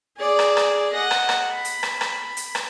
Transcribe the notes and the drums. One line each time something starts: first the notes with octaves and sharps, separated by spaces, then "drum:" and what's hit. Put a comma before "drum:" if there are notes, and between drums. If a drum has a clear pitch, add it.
G#4 D5
drum: rim click
drum: rim click
D#5 F#5
drum: rim click
drum: rim click
B5
drum: hi-hat
drum: rim click
drum: rim click
drum: hi-hat
drum: rim click